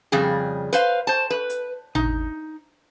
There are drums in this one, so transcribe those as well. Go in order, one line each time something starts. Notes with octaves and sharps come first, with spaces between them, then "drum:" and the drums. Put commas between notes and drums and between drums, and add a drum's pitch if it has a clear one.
F2 C#3 G3 G#4
B4 C5 F5, drum: hi-hat
C5 A5
B4
drum: hi-hat
D#4, drum: tom G#1